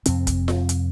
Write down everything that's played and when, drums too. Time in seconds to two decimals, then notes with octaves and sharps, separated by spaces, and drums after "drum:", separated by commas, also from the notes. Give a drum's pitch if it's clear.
0.06 F2 C3 C4, drum: hi-hat
0.27 drum: kick, hi-hat
0.48 drum: snare F4
0.69 drum: hi-hat